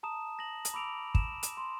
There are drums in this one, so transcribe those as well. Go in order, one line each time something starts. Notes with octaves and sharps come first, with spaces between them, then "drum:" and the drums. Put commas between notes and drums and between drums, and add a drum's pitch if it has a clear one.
A5 A#5 D#6 E7
A#6 F#7
drum: hi-hat
B5 D6 E6 D7 F7
E7, drum: kick
drum: hi-hat
C6